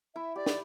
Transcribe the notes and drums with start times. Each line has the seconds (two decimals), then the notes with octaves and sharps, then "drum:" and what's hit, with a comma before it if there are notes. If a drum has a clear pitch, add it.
0.15 E4 E5
0.36 G4 D5
0.46 drum: snare